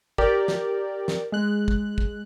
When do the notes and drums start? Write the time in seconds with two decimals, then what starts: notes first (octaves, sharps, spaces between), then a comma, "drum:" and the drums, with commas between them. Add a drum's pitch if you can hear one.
0.18 G4 A#4 D5, drum: kick
0.48 drum: snare
1.08 drum: snare
1.32 G#3 F#6
1.68 drum: kick
1.98 drum: kick